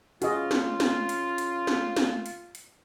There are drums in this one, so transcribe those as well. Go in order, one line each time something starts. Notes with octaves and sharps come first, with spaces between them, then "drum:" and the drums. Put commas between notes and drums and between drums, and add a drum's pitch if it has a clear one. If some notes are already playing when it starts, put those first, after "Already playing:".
C#3 F4 F#4 G#4 D#5, drum: hi-hat
drum: snare
drum: snare
drum: hi-hat
drum: hi-hat
drum: snare
drum: snare
drum: hi-hat
drum: hi-hat